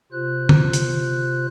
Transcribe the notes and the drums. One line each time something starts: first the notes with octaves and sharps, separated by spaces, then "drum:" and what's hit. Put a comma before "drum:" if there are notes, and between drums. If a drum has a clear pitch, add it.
C3 F4 C5 F#6
drum: tom
drum: hi-hat